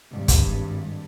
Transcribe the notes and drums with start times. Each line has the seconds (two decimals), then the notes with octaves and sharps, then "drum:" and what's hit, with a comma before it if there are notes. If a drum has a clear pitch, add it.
0.11 G#1 G2
0.28 drum: kick, hi-hat